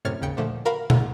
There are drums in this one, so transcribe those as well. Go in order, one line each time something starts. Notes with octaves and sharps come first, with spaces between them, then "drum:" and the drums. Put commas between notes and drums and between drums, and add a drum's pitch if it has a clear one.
F#2 A2 C3 C#5 F6 A6
G#1 D#2 C#3 G5 C#7
A#2 D3 F3 A3
F#4 A#4 F5 B5
D3 A3, drum: tom B2